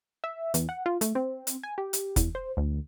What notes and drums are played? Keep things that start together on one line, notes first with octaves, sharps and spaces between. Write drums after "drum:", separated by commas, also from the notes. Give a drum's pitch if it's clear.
E5
E2, drum: hi-hat
F#5
F4
A3, drum: hi-hat
C4
drum: hi-hat
G#5
G4
drum: hi-hat
E2, drum: kick F1, hi-hat
C5
D2